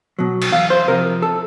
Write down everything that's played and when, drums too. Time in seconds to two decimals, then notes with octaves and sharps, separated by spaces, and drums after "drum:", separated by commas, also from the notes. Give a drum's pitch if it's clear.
0.19 B2 F#3
0.41 drum: cymbal
0.52 E2 F5
0.70 C5
0.87 C3 F3 A#4
1.22 A4